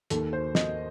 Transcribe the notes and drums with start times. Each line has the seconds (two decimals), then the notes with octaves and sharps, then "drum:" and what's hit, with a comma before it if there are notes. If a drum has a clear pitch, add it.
0.10 D#2 D#3 A#3 A4, drum: hi-hat
0.33 C5
0.55 D#5, drum: snare